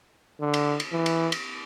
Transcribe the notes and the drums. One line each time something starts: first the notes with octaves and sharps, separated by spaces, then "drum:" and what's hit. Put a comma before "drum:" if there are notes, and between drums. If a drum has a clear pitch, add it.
D3
drum: cymbal
drum: cymbal
E3
drum: cymbal
drum: cymbal